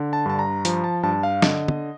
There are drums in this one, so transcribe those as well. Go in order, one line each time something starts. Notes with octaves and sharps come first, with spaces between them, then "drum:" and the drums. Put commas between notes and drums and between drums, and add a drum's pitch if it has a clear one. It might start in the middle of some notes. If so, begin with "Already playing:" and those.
Already playing: D3
A5
G2 A5
A#5
F3 A#5, drum: hi-hat
A5
G2 A5
F5
D3 D#5, drum: snare
drum: tom